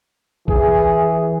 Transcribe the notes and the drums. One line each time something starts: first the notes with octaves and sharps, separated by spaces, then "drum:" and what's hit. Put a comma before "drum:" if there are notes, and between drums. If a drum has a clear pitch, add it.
E3 G#4, drum: kick A#1